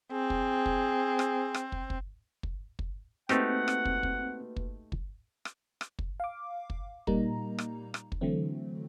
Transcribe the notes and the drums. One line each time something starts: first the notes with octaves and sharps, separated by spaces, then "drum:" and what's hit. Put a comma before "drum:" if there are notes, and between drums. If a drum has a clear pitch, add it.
C4 G#4
drum: kick
drum: kick
drum: rim click
drum: rim click
drum: kick
drum: kick
drum: kick
drum: kick
A3 A#3 C4 D#4 F#4 G4 B4 F#5, drum: rim click
drum: rim click
drum: kick
drum: kick
drum: kick
drum: kick
drum: rim click
drum: rim click
drum: kick
F5 D6
drum: kick
A#2 G3 A#3 D#4 A#5, drum: kick
drum: rim click
drum: rim click
drum: kick
D3 E3 F#3 A3 C4